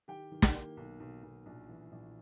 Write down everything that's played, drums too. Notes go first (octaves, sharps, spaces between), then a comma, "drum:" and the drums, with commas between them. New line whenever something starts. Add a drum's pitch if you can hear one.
D#3 G4 G5
D#3
G4 G5, drum: snare
A#3
B1
B1
B1
A#1
E3
A#1